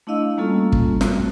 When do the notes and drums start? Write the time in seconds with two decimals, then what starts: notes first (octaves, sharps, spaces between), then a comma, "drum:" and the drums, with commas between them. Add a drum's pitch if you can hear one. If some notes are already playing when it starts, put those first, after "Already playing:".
0.07 A3 D4 E4 D#5 F5 E6
0.37 G3 A3 A#3 C#4 F4 A4
0.72 drum: kick
1.01 G3 F4 F#4, drum: snare